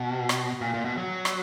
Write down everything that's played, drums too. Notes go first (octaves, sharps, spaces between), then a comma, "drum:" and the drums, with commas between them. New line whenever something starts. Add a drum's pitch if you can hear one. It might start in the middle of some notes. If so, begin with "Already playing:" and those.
Already playing: B2
drum: rim click
A#2
A#2
B2
F#3
drum: rim click